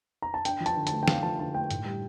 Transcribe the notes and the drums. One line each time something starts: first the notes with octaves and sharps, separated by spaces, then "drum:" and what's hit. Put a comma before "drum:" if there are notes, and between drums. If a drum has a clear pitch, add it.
A#5
A5
D4 G5, drum: hi-hat
F3
A5, drum: hi-hat
D3
A5, drum: hi-hat
A3
G5
D4 F5, drum: snare
F3 A5
D3 A5
A3 G5
A2, drum: hi-hat
G3